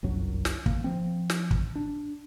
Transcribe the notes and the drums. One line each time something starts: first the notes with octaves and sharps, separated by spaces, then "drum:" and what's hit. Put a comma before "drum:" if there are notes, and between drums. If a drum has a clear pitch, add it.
G1 C2 F#2 F#3
drum: snare
A#3, drum: kick
F3 C4
drum: snare
drum: kick
D4